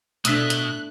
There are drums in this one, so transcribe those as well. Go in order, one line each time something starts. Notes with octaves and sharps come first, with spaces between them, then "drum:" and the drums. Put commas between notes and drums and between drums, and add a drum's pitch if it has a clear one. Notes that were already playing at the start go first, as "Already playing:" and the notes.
B2 A3 D4 D#6 E6 F#6 B6, drum: hi-hat
drum: hi-hat